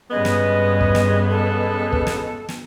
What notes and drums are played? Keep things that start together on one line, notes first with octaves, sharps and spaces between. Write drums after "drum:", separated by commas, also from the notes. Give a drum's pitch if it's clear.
G2 C#3 G3 G#3 B3 D#5
drum: snare
drum: kick
drum: snare
A4
drum: kick
drum: snare
drum: snare